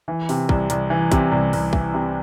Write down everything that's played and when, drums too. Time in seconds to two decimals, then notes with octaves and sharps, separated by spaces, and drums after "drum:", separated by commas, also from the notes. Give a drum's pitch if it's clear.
0.08 E3
0.29 C3, drum: open hi-hat
0.49 C2, drum: kick
0.70 C2, drum: hi-hat
0.90 E3
1.12 C3, drum: kick, hi-hat
1.31 C2
1.53 C2, drum: open hi-hat
1.73 E3, drum: kick
1.94 C3